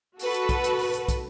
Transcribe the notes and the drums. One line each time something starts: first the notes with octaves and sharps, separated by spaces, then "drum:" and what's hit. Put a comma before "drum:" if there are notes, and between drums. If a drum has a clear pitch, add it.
F#4 A4 B4, drum: open hi-hat
drum: hi-hat
drum: kick, hi-hat
drum: hi-hat
drum: open hi-hat
drum: hi-hat
drum: kick, hi-hat